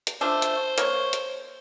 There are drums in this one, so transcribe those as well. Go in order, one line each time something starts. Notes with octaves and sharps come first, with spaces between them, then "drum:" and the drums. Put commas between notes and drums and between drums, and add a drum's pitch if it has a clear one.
drum: hi-hat
A3 D4 F4 C5
drum: hi-hat
A#3 C#5, drum: hi-hat
drum: hi-hat